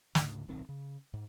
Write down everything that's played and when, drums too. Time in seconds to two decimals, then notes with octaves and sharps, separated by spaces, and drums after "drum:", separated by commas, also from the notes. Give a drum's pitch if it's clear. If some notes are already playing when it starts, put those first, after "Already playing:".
0.15 D2 G#2 C#3, drum: snare
0.48 D1 B1 D#3 C4
0.69 C#3
1.14 G#2